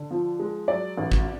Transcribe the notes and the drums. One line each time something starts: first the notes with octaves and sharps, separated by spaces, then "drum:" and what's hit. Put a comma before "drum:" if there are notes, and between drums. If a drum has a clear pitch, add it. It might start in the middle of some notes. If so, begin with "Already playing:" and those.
Already playing: D3
F3
G#3
F#3 D5
A1
drum: kick